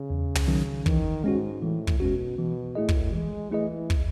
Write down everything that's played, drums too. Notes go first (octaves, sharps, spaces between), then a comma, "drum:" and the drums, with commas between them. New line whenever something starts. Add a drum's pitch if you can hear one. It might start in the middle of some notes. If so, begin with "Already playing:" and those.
Already playing: C#3
E2
drum: tom
D#3 F#3 C#4
D#3 E3, drum: kick
G#2 G#3 C#4 F#4
A2 E3
drum: kick
B2 G#3 C#4 F#4
B2 E3
A2 A3 E4 G#4 D#5
drum: kick
E3 G#3
E3 A3 E4 G#4 D#5
drum: kick